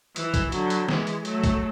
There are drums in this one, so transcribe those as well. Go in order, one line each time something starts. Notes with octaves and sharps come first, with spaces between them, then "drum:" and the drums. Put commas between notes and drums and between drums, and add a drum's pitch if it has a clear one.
E3, drum: hi-hat
drum: kick, hi-hat
D3 F#3, drum: hi-hat
drum: hi-hat
E3 G#3, drum: snare
drum: hi-hat
F#3 A3, drum: hi-hat
drum: kick, hi-hat